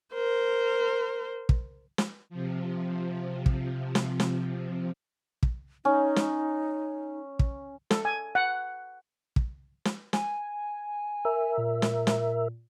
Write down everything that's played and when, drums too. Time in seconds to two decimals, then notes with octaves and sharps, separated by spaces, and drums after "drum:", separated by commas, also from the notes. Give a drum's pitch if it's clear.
0.13 A#4 C5
1.49 drum: kick
1.98 drum: snare
2.30 C3 F3
3.46 drum: kick
3.95 drum: snare
4.20 drum: snare
5.43 drum: kick
5.85 C#4 D#4
6.16 drum: snare
7.39 drum: kick
7.91 A4, drum: snare
8.05 G#5
8.35 F#5
9.36 drum: kick
9.85 drum: snare
10.13 G#5, drum: snare
11.25 A#4 E5
11.58 A#2
11.82 drum: snare
12.07 drum: snare